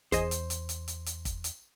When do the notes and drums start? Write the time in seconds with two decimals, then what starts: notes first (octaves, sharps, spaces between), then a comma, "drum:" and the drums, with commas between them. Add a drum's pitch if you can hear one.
0.12 E2 G#4 C5 D#5, drum: kick, hi-hat
0.31 drum: hi-hat
0.50 drum: hi-hat
0.69 drum: hi-hat
0.88 drum: hi-hat
1.06 drum: hi-hat
1.25 drum: kick, hi-hat
1.44 drum: hi-hat